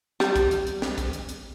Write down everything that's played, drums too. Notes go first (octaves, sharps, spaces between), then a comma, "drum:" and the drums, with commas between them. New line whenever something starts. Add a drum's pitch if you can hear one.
G3, drum: snare
drum: kick, hi-hat
drum: hi-hat
drum: hi-hat
drum: snare
drum: kick, hi-hat
drum: hi-hat
drum: hi-hat